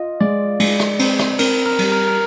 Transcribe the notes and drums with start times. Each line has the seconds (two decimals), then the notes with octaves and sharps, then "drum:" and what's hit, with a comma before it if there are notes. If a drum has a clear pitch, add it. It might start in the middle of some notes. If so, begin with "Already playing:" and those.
Already playing: F4 D#5
0.20 G#3 D5
0.60 G#3, drum: cymbal
0.80 drum: rim click
0.99 C4, drum: cymbal
1.19 drum: rim click
1.39 C4 A#4, drum: cymbal
1.66 A#4
1.79 G3, drum: cymbal
1.92 A#4
2.08 A#4